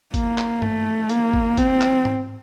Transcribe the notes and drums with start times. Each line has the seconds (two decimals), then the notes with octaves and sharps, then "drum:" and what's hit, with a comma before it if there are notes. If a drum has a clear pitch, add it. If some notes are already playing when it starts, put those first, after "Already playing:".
0.14 A#3, drum: kick, hi-hat
0.38 drum: clap
0.62 A3, drum: tom G2
1.09 A#3, drum: hi-hat
1.33 drum: kick
1.57 C4, drum: kick, hi-hat
1.81 drum: clap
2.05 drum: tom G#2